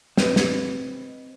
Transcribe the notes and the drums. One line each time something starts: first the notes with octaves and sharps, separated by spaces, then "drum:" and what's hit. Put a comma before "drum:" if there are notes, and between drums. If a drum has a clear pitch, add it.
C4 B4 D#5, drum: snare
drum: snare